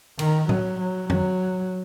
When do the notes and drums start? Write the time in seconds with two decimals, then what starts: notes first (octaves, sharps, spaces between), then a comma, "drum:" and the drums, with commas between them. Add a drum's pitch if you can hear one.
0.19 D#3, drum: cymbal
0.49 F#3, drum: tom A2
0.80 F#3
1.10 F#3, drum: tom